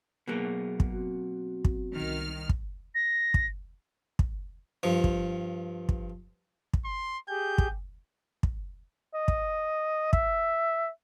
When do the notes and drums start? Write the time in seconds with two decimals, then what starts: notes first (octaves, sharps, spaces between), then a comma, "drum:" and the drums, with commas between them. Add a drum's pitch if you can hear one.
0.27 B2 F#3 A#3 G#4
0.80 drum: kick
0.92 C4 F#4
1.65 drum: kick
1.93 C2 D#3 F6
2.49 drum: kick
2.95 A#6
3.34 drum: kick
4.19 drum: kick
4.83 G2 F3
5.04 drum: kick
5.89 drum: kick
6.73 drum: kick
6.85 C6
7.29 G4 G#4 G6
7.58 drum: kick
8.43 drum: kick
9.14 D#5
9.28 drum: kick
10.13 E5, drum: kick